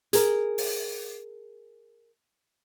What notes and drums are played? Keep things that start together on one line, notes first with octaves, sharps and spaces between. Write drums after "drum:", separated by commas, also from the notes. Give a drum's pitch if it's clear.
G#4 A#4, drum: hi-hat
drum: open hi-hat